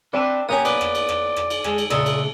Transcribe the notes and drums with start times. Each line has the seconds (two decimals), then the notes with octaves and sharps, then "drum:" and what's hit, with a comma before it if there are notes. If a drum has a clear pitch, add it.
0.13 C4 D4 A4 B4 E5
0.49 A#3 B3 C#4 G4 G#5 A#5 D#6
0.65 B3 B4 D5, drum: cymbal
0.81 drum: rim click
0.95 drum: cymbal
1.09 drum: rim click
1.36 drum: rim click
1.50 drum: cymbal
1.64 G#3 G#4 A4, drum: rim click
1.78 drum: cymbal
1.90 A#2 C#3 A3 D4 A4 D#5, drum: rim click
2.06 drum: cymbal